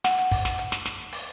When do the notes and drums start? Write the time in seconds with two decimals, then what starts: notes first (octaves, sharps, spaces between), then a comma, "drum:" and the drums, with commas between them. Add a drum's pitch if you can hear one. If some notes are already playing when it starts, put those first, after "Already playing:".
0.04 F#5, drum: snare
0.18 drum: hi-hat
0.31 drum: kick, open hi-hat
0.45 drum: snare
0.58 drum: hi-hat
0.72 drum: snare
0.85 drum: snare
1.12 drum: open hi-hat